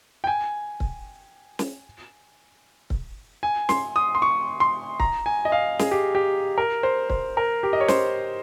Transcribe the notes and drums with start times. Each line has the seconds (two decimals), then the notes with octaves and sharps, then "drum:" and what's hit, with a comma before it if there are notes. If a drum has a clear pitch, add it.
0.24 G5
0.27 G#5
0.80 drum: kick C#1
1.59 drum: snare
2.90 drum: kick C#1
3.43 G#5
3.69 C6, drum: snare
3.96 D#6
4.15 C6
4.22 C#6
4.60 C6
5.00 A#5, drum: kick C#1
5.26 G#5
5.45 D#5
5.52 F5
5.79 G#4, drum: snare
5.91 G4
6.15 G4
6.58 A#4
6.83 C5
7.10 C5, drum: kick C#1
7.37 A#4
7.63 G4
7.73 D#5
7.81 C#5
7.88 C5, drum: snare